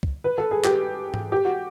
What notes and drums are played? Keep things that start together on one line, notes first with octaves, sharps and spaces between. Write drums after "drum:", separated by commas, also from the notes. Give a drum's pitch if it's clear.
drum: kick
B4
A4
G#4
G4, drum: clap
drum: tom G#2
G4
F#4